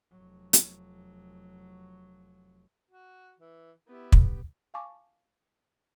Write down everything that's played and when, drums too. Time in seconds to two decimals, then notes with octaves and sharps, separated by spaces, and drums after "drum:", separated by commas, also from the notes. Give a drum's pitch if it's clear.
0.12 F1 F#3
0.53 drum: hi-hat
2.90 F#4
3.39 E3
3.88 B3 E4 G4
4.12 drum: kick
4.74 F5 G#5 A5 C#6 D6